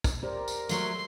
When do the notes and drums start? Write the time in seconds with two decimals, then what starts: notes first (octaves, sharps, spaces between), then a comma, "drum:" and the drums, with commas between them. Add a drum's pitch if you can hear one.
0.04 drum: kick, tambourine
0.23 G4 A#4 C5 D5
0.48 drum: tambourine
0.69 F#3 A3 C6, drum: tambourine